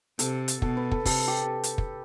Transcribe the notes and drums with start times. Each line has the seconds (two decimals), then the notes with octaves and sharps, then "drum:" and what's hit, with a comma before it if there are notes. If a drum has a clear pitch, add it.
0.19 C3 A4, drum: hi-hat
0.48 drum: hi-hat
0.62 B2 A4, drum: kick
0.77 B4
0.91 A4, drum: kick
1.05 C3 A4, drum: kick, open hi-hat
1.28 G4
1.64 drum: hi-hat
1.78 drum: kick